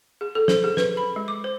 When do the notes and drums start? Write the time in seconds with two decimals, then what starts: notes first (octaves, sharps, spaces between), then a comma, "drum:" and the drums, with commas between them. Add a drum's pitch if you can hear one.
0.21 G#4
0.35 A4
0.48 C5, drum: snare
0.64 G#4
0.77 B4, drum: snare
0.97 B5
1.16 G#3
1.28 D6
1.44 C5